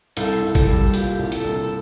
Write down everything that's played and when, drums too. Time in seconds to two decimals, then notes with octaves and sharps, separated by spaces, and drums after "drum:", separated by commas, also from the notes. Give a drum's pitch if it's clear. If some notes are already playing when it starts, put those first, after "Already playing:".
0.17 C2 A4, drum: hi-hat
0.42 C2
0.55 A4, drum: kick, hi-hat
0.68 G3
0.94 A#2 G4, drum: hi-hat
1.19 C2
1.32 A4, drum: hi-hat
1.44 C2